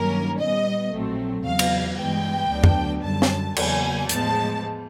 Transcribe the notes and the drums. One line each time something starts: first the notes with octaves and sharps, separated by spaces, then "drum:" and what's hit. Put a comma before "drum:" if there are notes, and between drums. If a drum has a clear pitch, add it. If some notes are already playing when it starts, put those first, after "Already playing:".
Already playing: G2 D#3 F#3 A#3 C#4 A#4
A#2 G3 B3 D#5
A#1 A2 F#3 A3 C4
E2 C#3 F#3 F5
drum: cymbal
G2 E3 G#3 B3 G5
D2 D3 F#3 B3 D4
drum: tom
F#2 D3 G3 A5
drum: snare
E2 C#3 F#3 A#3 G#5, drum: cymbal
A2 F3 G#3 B3 A5, drum: hi-hat